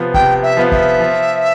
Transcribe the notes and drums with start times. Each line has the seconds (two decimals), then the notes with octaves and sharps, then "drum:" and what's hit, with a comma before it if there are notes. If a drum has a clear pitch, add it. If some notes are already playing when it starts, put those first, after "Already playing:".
Already playing: C3 F3 B3 F4
0.14 C3 G5, drum: kick
0.43 E5
0.57 F3 B3 F4
0.72 E5, drum: kick
1.00 F3